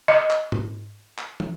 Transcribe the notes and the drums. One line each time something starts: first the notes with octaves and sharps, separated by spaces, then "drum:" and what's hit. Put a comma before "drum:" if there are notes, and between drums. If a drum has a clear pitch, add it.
D#5
drum: clap
drum: tom G#2
drum: clap
drum: tom